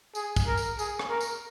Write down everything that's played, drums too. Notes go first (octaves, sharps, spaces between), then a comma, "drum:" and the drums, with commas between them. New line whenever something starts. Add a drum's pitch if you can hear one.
G#4, drum: tambourine
drum: kick, tambourine
A#4
drum: tambourine
G#4, drum: tambourine
drum: rim click
A#4
drum: tambourine